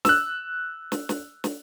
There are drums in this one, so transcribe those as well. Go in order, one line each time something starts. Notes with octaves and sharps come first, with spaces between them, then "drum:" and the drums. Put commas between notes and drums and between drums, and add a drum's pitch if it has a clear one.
E6 F#6, drum: snare
drum: snare
drum: snare
drum: snare